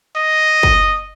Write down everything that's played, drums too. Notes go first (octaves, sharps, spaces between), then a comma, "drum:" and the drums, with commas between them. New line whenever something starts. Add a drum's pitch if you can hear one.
D#5
drum: kick